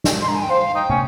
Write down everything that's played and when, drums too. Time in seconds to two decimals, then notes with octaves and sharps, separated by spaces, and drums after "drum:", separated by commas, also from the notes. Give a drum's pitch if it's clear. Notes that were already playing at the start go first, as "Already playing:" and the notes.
0.04 drum: snare
0.22 C6
0.29 A#5
0.36 G#5
0.43 G5
0.50 C5 F5
0.75 D#4 G5
0.90 C#4, drum: tom